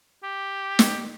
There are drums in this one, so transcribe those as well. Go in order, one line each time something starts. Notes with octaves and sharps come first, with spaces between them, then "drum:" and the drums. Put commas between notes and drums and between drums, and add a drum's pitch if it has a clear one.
G4
drum: snare